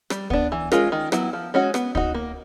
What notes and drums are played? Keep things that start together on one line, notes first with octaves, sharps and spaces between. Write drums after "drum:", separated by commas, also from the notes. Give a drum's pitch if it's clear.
G3, drum: rim click
B3 D4, drum: kick
E3
G#3 C#4 F4 A#4, drum: rim click
D#3
F#3 B3 E4, drum: rim click
F3
G#3 C#4 F#4
B3, drum: rim click
D#4 F#4, drum: kick
A#3